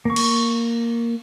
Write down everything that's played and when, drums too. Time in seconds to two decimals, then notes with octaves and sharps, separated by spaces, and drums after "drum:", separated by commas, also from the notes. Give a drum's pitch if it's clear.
0.05 A#3 C#6
0.16 drum: cymbal